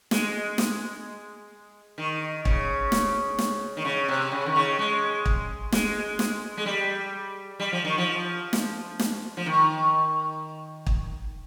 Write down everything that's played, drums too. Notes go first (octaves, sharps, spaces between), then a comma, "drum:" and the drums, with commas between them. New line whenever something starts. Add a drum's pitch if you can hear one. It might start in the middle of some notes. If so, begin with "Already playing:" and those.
G#3, drum: snare
drum: snare
D#3
C#3, drum: kick
drum: snare
drum: snare
D#3
C#3
C3
C#3
D#3
C#3
G#3
drum: kick
G#3, drum: snare
drum: snare
G#3
G3
G3
F3
D#3
F3
drum: snare
drum: snare
F3
D#3
drum: kick